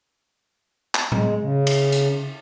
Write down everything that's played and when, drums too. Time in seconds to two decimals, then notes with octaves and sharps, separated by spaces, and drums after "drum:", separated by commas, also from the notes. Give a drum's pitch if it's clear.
0.95 drum: clap
1.12 G#3, drum: tom A2
1.41 C#3
1.67 drum: cymbal
1.92 drum: hi-hat